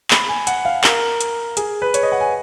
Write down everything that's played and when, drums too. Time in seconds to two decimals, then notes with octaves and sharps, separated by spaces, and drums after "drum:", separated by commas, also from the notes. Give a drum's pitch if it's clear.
0.11 B5, drum: clap
0.29 G#5
0.47 F#5, drum: hi-hat
0.65 F5
0.84 A#4, drum: clap
1.21 drum: hi-hat
1.57 G#4, drum: hi-hat
1.82 B4
1.94 C#5, drum: hi-hat
2.03 D#5
2.12 F#5
2.21 G#5